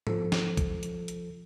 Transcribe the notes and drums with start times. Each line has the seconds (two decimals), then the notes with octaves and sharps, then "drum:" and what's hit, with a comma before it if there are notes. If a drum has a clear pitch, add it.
0.07 F3 A4, drum: tom G#2
0.32 drum: snare
0.57 drum: kick, hi-hat
0.83 drum: hi-hat
1.08 drum: hi-hat